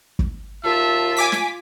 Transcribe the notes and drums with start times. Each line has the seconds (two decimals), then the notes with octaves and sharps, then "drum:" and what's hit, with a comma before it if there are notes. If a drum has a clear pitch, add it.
0.19 drum: kick
0.64 D#2 F4 E5 A5
1.17 G#5 D6 B6
1.32 drum: snare